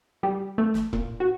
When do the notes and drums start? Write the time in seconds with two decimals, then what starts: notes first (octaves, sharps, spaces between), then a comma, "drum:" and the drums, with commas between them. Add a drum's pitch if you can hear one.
0.23 G3
0.58 A3
0.74 drum: snare
0.93 A#2, drum: kick E1
1.20 F#4